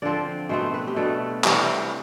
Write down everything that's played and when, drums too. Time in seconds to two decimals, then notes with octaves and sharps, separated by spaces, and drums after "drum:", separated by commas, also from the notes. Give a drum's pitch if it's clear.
0.02 D3 F3 C4 D5
0.49 B2 A3 C4 C5
0.74 B4
0.87 G4
0.96 B2 A3 D4 A4
1.44 C3 E3 G3, drum: clap